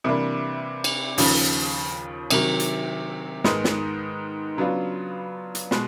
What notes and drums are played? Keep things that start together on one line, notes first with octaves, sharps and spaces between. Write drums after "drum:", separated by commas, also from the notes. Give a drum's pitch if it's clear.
C3 E3 G3 A#3 D4
drum: cymbal
D#2 C#3 F3, drum: open hi-hat
C3 D#3 F#3, drum: cymbal
drum: hi-hat
G#2 D#3 G#3 B3 D#4, drum: snare
drum: snare
C#3 F#3 B3 D4 F4
drum: hi-hat
B2 G#3, drum: snare